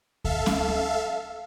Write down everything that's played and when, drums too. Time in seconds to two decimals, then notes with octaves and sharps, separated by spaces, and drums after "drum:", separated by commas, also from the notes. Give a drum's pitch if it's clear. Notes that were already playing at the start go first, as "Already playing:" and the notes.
0.24 A4 E5 F5, drum: kick D2
0.46 drum: snare C#4